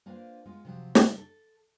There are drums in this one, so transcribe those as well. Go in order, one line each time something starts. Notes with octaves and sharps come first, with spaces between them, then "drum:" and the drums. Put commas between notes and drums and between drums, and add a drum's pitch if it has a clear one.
A#3 D4 F4 B4 C5
G#3 B3 F4
C3 F3 F#3
C#3 G3 A3 D#4 A4, drum: snare
A4